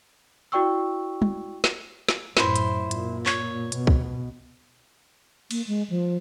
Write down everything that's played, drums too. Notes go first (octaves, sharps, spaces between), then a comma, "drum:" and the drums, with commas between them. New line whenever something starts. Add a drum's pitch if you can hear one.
E4 F#4 D5 G5 C#6 E6
drum: tom
drum: snare
drum: snare
F#2 A2 E4 C5, drum: snare
drum: hi-hat
A#2, drum: hi-hat
C#5, drum: clap
B2, drum: hi-hat
drum: kick
A#3, drum: cymbal
G#3
F3